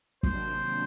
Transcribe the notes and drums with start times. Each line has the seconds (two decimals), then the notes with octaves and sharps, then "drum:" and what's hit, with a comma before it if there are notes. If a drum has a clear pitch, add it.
0.23 C3 D#3 F#3 A#3 D4 C5, drum: kick